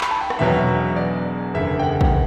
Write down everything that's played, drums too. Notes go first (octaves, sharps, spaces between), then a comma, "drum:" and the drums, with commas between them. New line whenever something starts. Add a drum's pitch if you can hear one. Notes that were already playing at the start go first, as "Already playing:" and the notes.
B5, drum: clap
A5
G5
F#5, drum: rim click
E1 E2 B2 F#3 E5
D5
F#1 E2 D3 E5
G5
F#5
drum: kick